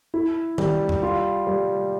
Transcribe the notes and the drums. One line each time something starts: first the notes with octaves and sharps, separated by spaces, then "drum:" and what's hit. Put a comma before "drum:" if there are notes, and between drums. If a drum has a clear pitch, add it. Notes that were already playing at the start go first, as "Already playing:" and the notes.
E4
G3, drum: tom D#3
drum: tom E2
F4
G3